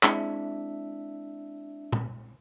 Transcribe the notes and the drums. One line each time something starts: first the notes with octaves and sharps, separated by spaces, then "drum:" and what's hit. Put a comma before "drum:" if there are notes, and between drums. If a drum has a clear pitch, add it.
G#3 C4 D4 E4 E5, drum: clap
drum: tom A#2